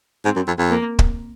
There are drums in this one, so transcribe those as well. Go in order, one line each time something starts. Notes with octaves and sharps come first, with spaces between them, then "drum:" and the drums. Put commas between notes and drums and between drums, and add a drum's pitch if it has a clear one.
G#2 C4
F#2
F2
F2
A#3
drum: kick